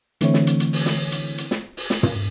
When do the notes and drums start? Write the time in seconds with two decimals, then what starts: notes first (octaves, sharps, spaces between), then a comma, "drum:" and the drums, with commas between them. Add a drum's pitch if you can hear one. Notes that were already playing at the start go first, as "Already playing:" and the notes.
0.21 D3 E3 A3 C4 E4 C#5, drum: hi-hat
0.34 drum: snare
0.47 drum: hi-hat
0.60 drum: hi-hat
0.73 drum: open hi-hat
0.86 drum: snare
1.12 drum: hi-hat
1.38 drum: hi-hat
1.51 drum: snare
1.77 drum: open hi-hat
1.90 drum: snare
2.03 drum: tom